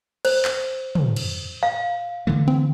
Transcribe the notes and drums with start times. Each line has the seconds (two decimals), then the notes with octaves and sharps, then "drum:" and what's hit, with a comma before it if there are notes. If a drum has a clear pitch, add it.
0.25 C5, drum: cymbal
0.45 drum: clap
0.95 drum: tom
1.16 drum: cymbal
1.63 F5
2.27 D3 E3 A3
2.48 C4